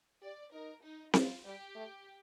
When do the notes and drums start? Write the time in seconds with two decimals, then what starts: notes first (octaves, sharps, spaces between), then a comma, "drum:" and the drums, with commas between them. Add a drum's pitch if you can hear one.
0.22 G4 D5
0.52 D#4 A#4
0.83 D#4
1.14 F3 F4, drum: snare C4
1.44 G3 G4
1.75 A3